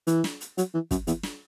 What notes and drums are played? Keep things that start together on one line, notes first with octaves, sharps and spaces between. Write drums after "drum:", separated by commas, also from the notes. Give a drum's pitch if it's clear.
E3, drum: hi-hat
drum: snare
drum: hi-hat
F#3, drum: hi-hat
E3
F#2, drum: kick, hi-hat
E2, drum: hi-hat
drum: snare